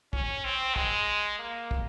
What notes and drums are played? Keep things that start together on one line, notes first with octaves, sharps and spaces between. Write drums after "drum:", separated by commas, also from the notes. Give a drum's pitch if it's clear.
C#4, drum: kick
C4
G#3, drum: kick
A#3
drum: kick